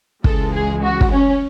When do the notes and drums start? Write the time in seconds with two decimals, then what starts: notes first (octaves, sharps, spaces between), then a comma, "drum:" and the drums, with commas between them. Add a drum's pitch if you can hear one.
0.24 C#2 C#3 E3 G#3 A4, drum: kick
0.53 G#4
0.83 F#4
1.01 drum: kick
1.12 C#4